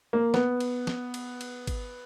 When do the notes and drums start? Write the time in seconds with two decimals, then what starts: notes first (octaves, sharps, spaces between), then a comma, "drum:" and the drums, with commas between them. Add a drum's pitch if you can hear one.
0.13 A#3
0.34 B3, drum: snare
0.60 drum: cymbal
0.87 drum: snare
1.14 drum: cymbal
1.41 drum: cymbal
1.67 drum: kick, cymbal